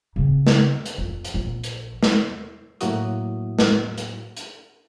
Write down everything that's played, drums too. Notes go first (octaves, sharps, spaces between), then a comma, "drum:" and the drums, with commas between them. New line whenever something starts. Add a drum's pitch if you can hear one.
C#3 C4
drum: snare
drum: hi-hat
F2
drum: hi-hat
A#1
drum: hi-hat
drum: snare
A2 F#3 A#3 E4 F#4 D#6, drum: hi-hat
drum: snare
drum: hi-hat
drum: hi-hat